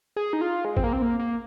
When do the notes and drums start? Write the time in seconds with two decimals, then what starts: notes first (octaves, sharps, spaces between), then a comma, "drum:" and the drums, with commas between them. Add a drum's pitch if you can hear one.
0.16 G#4
0.33 D#4
0.41 F4
0.65 G#3
0.77 C4, drum: kick
0.84 A#3
0.93 C4
1.02 A#3
1.19 A#3